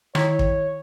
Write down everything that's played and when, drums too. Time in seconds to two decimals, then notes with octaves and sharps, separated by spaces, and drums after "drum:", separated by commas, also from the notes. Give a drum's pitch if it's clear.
0.15 D#3 E4 C#5, drum: rim click
0.39 drum: kick